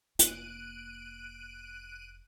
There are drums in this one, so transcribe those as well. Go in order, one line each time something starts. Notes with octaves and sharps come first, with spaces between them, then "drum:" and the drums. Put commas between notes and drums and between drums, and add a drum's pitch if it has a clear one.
F1 A#3 F#6 D7 D#7, drum: hi-hat